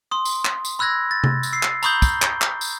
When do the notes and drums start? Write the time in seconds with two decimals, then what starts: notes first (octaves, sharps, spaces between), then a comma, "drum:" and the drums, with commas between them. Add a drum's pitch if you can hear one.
0.11 C6 D#6
0.25 drum: tambourine
0.45 drum: clap
0.65 drum: tambourine
0.79 B5 E6 F#6 G#6 A#6
1.11 A6
1.24 drum: tom C3
1.43 drum: tambourine
1.53 E6 C7
1.63 drum: clap
1.83 A#5 B5 C#6 D#6 G6 G7, drum: tambourine
2.02 drum: kick, tambourine
2.22 drum: clap
2.41 drum: clap
2.61 drum: tambourine